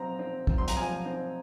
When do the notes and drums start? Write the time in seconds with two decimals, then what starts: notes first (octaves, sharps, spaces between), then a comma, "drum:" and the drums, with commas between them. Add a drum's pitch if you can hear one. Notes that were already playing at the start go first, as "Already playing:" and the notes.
Already playing: F3 C4 A#5
0.19 C4
0.47 C4, drum: kick
0.58 C6
0.68 A#5, drum: hi-hat
0.76 F3 G#5
1.05 C4